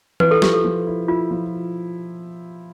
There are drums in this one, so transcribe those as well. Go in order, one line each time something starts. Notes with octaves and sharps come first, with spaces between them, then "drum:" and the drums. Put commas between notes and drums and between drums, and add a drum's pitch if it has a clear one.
E4 B4, drum: tom E3
A4
F3 G4, drum: snare
A4
F3
E4
E4 F4
F3